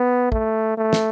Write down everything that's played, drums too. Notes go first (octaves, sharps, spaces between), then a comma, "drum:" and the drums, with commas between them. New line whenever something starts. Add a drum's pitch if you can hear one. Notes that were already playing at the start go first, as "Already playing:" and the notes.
Already playing: B3
A3, drum: kick
A3
drum: snare